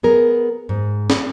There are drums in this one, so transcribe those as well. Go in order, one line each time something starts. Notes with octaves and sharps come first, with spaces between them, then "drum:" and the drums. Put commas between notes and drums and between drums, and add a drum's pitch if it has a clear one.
B3 G#4 A#4
G#2
drum: snare